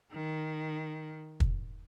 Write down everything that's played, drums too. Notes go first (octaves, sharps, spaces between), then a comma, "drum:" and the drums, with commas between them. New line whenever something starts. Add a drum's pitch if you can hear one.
D#3
drum: kick